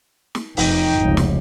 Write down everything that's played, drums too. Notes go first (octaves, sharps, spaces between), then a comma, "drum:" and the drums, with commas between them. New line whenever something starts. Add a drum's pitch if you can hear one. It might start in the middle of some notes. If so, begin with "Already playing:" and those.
drum: snare
F1 D#4 G5, drum: open hi-hat
F1 C#2
drum: snare